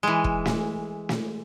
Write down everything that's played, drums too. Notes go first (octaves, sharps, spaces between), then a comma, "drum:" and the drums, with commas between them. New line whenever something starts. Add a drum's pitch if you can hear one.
E3 G#3
drum: kick
drum: snare
drum: snare